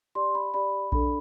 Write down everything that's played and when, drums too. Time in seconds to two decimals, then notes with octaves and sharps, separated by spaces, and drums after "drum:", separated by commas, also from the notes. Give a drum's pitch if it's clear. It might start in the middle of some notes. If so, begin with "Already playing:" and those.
0.15 G4 D5 C6
0.35 B5
0.54 G4 D5 B5
0.92 D4 A4 D5 B5, drum: kick A#1